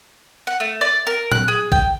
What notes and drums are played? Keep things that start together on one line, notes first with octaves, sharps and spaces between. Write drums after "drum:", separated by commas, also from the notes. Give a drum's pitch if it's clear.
F#5
A3
D5
A#4
F#6, drum: tom A#2
G#4
G5, drum: kick A#1